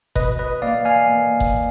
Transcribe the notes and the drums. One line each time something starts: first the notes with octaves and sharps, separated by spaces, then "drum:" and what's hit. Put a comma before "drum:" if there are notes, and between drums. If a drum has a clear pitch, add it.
B2 B4 D#5, drum: kick F#1
B4 D#5
A#3 D5 F5
F5 G#5
A#3
drum: kick F#1